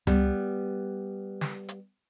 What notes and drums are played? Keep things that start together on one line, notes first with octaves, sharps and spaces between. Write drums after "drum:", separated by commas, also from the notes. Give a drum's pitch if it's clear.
G3 B3, drum: tom C#2
drum: snare
drum: hi-hat